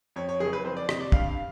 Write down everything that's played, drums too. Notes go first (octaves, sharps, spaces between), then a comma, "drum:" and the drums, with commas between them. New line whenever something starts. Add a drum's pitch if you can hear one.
F2 C#5
C#5
F#1 G#4
B4
F2 C5
D5
C3 D#5, drum: rim click
D5
G2 F5, drum: kick
F5